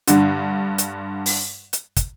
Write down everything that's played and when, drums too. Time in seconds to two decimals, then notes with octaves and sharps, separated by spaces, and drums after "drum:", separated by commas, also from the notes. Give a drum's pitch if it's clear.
0.08 G2 D3, drum: hi-hat
0.78 drum: hi-hat
1.26 drum: open hi-hat
1.73 drum: hi-hat
1.97 drum: kick, hi-hat